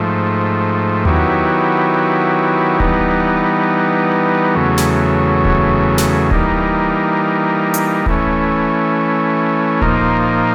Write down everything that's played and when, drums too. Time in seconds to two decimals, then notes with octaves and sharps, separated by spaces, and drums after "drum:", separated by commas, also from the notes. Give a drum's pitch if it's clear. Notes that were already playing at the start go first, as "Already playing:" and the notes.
Already playing: G#2 F3 A3
1.05 D#3 F#3 B3 E4 G4, drum: tom D#2
2.80 E3 G3 B3 D#4, drum: kick D1
4.55 E2 C#3 F#3 A3
4.78 drum: snare
5.45 drum: kick D1
5.98 drum: snare
6.31 E3 G3 A#3 D#4, drum: kick D1
7.74 drum: hi-hat
8.06 E3 A3 C#4, drum: kick D1
9.82 A#2 F3 A#3 D#4, drum: kick D1